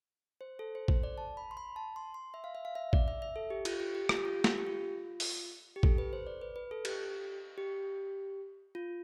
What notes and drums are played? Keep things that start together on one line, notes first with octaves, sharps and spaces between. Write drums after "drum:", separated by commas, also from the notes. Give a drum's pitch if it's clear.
C5
A4
C5
C5, drum: kick
D5
A5
B5
C6
B5
A5
C6
C6
E5
F5
E5
F5
E5
D5, drum: kick
E5
E5
A4
G4
F4, drum: cymbal
G4
G4
F4, drum: rim click
G4
F4
drum: snare
G4
F4
drum: open hi-hat
G4
A4, drum: kick
B4
C5
D5
B4
B4
A4
G4, drum: cymbal
G4
F4